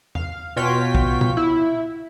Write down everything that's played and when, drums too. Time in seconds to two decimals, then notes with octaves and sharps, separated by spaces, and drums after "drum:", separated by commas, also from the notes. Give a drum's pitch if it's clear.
0.15 F5, drum: tom E2
0.56 B2 F4 F#4 C#5 G5 B6
0.95 drum: kick
1.21 drum: tom A#2
1.37 E4